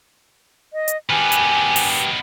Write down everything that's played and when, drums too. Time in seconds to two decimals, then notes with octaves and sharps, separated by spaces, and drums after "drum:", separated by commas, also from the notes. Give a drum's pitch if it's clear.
0.73 D#5
0.88 drum: hi-hat
1.10 D#3 B3 G4 B4 G#5
1.32 drum: hi-hat
1.76 drum: open hi-hat